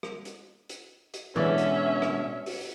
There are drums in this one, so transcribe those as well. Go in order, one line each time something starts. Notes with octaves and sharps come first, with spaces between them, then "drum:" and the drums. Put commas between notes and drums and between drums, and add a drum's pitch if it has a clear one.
drum: rim click
drum: hi-hat
drum: hi-hat
drum: hi-hat
B2 D3 E3 G#3 C#4 D5 E5
drum: hi-hat
drum: rim click
drum: open hi-hat